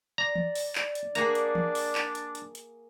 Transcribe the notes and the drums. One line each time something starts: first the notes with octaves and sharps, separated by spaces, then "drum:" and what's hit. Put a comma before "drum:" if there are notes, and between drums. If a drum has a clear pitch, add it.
D5 A#5
drum: tom E3
drum: open hi-hat
drum: clap
drum: hi-hat
A#3 D4 F#4 G#4 A#5, drum: hi-hat
drum: hi-hat
drum: tom E3
drum: open hi-hat
drum: clap
drum: hi-hat
drum: hi-hat
drum: hi-hat